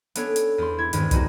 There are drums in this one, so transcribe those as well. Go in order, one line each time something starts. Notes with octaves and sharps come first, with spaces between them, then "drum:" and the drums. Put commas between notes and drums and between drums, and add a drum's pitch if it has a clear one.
B3 C#4 D4 A4 C#5, drum: hi-hat
drum: hi-hat
E2 C6
E4 G#6
G#1 E2 G2, drum: hi-hat
G2 E3 G#3 D#4 F#4, drum: kick, hi-hat